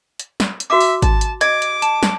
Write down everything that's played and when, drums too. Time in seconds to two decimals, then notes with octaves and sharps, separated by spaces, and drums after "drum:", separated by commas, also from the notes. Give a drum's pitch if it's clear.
0.20 drum: hi-hat
0.40 drum: snare
0.60 drum: hi-hat
0.70 F#4 E5 D6
0.81 drum: open hi-hat
1.02 A5, drum: kick G#1, hi-hat
1.21 drum: hi-hat
1.41 D#5 D6 G#6, drum: hi-hat
1.62 drum: hi-hat
1.82 A5, drum: hi-hat
2.03 drum: snare